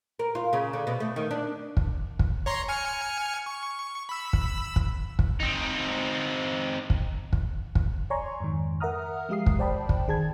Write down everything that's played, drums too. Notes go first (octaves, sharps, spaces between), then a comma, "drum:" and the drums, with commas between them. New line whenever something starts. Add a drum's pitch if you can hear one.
A#4
F4
C#3
D3
B2
A3
D#3
D4
drum: kick
drum: kick
C#5 A#5 C6
G#5 F6 C#7
C#6
B5 E6
drum: kick
drum: kick
drum: kick
C4 D#4
drum: kick
drum: kick
drum: kick
C#5 D5 G#5 A#5 C6 C#6
F2 G#2 D#3
A#4 E5 F#5 A#5 D#6 F6
F3 G#3 G4 F5 D#6 C7
drum: kick
C5 D5 G5 A5 B5
drum: kick
G#1 D#3 G#4 A5 G#6